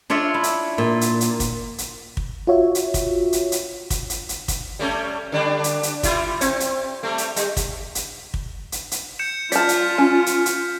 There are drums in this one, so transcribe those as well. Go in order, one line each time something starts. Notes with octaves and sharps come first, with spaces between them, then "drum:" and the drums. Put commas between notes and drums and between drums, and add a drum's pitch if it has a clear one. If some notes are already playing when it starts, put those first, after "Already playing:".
D4 F4 C#5 D5 E5
E4
drum: hi-hat
A#2
drum: hi-hat
drum: hi-hat
drum: kick, hi-hat
drum: hi-hat
drum: kick
F4 F#4 C#5 E5
drum: hi-hat
drum: kick, hi-hat
drum: hi-hat
drum: hi-hat
drum: kick, hi-hat
drum: hi-hat
drum: hi-hat
drum: kick, hi-hat
G3 A3 C#4
D3 G3 D4
drum: hi-hat
drum: hi-hat
G3 E4 F4, drum: kick, hi-hat
C4, drum: hi-hat
drum: hi-hat
G3 A3
drum: hi-hat
G3, drum: hi-hat
drum: kick, hi-hat
drum: hi-hat
drum: kick
drum: hi-hat
drum: hi-hat
G6 C#7 E7
F4 D5 A5 F6 G6 B6, drum: hi-hat
drum: hi-hat
C#4
drum: hi-hat
drum: hi-hat